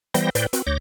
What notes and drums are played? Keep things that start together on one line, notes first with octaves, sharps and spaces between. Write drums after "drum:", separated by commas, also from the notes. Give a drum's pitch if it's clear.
E3 G3 B3 C5 G5 A#6, drum: hi-hat
A2 B4 C5 D5 G5, drum: hi-hat
C4 F#4, drum: hi-hat
D2 C#5 D6 G6 A#6